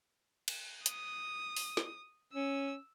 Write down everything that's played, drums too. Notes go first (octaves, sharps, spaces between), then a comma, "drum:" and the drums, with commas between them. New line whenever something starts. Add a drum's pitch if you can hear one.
drum: cymbal
D#6, drum: hi-hat
drum: open hi-hat
drum: snare
C#4 E6